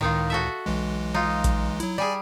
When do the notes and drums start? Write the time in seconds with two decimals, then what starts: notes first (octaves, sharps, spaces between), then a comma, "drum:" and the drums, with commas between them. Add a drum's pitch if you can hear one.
0.01 C#2 A2 D#3 D#4 F4
0.30 F#4 A4 E5
0.66 B1 E3 G#3
1.14 D#4 F4
1.44 drum: kick A#1, hi-hat
1.80 F#3 E4, drum: hi-hat
1.98 G3 G#4 D5 G#5